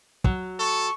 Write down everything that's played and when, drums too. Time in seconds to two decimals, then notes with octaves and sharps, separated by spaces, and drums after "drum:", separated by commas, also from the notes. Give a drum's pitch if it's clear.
0.24 F#3, drum: kick
0.59 A4 C#6